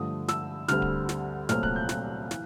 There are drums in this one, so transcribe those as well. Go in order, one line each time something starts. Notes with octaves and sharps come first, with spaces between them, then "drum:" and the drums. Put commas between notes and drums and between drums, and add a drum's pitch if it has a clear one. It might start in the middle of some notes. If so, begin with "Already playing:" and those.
Already playing: G2 D3 F3 A3 D#6
E6, drum: snare
D2 D3 G3 C4 F6, drum: snare
drum: kick D1
drum: snare
C2 A#2 F#3 A3 C4 F6, drum: snare
F#6, drum: kick D1
G6
F#6, drum: snare
E3, drum: snare